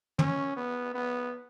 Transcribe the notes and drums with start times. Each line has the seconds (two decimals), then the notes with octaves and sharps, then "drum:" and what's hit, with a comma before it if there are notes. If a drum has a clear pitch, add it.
0.19 C#4, drum: tom
0.57 B3
0.94 B3